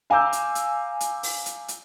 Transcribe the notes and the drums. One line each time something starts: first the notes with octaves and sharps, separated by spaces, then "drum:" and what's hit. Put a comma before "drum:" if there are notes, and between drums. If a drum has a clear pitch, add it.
F5 G#5 A#5 D6 E6 G6
drum: hi-hat
drum: hi-hat
drum: hi-hat
drum: open hi-hat
drum: hi-hat
drum: hi-hat